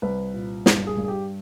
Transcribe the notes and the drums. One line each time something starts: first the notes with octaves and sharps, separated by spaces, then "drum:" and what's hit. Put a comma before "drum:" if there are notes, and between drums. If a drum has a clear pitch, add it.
C2 B4
A#2
G2, drum: snare
G#4
G2
G#4
G4